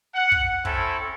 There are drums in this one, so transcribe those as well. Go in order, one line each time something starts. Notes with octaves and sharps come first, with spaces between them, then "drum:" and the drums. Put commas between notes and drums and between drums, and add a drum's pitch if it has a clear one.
F#5
drum: kick
A3 C4 C#4 E4 A4, drum: kick